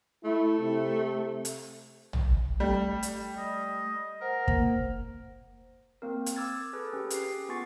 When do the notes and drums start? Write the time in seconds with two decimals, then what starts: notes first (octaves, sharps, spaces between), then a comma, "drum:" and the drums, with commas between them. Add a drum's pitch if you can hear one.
0.25 A3 E4
0.60 C3
1.45 drum: hi-hat
2.13 drum: tom
2.60 G3 A3
3.03 drum: hi-hat
3.38 D#5
4.21 A#4 C5 F#5
4.48 A#3, drum: kick
6.02 A#3 C4 A#4
6.26 drum: hi-hat
6.36 D6 E6 F6 G#6 A6
6.73 G#4 A4 B4
6.93 C#4 G4 B4
7.10 G4 G#4 C7, drum: hi-hat
7.49 B3 F4 G#5 C#6 A6 C7